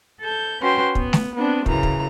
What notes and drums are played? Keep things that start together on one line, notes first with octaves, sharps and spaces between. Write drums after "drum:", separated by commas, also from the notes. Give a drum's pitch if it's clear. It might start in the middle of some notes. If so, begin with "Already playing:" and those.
A4 G6
C#4 F#4 B4 C5 G5 C6
B3, drum: kick
drum: snare A3
B3 C4 D4
F#2 C#3 E3 A#5, drum: kick
drum: kick